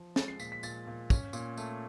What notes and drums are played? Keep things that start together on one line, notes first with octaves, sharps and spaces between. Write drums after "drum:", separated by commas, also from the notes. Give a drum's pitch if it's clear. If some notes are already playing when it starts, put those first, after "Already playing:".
Already playing: F3
G#3 A6, drum: snare
C7
A#2 B6, drum: tambourine
B6
A#2 A6, drum: tambourine
A#2
C#4, drum: kick, tambourine
A#2, drum: tambourine
A3, drum: tambourine